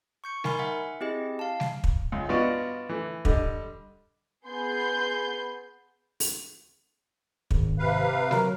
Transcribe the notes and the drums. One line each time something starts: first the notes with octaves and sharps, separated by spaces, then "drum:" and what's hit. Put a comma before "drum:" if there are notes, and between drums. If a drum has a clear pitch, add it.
C#6 G6 C#7
D#4 A#4 G#5 B5 C6, drum: snare G3
E5 F#5
C4 E4 G4 G#4 D#5
F5 A5
drum: snare G3
drum: kick
C#2
G2 B3 F4 F#4 D5 D#5
E3 A3
D3 G3 D#5, drum: kick
B3 G#4 C6 G6
drum: open hi-hat
G#1, drum: kick
C3 B4 F5
F#3 A#4, drum: snare G3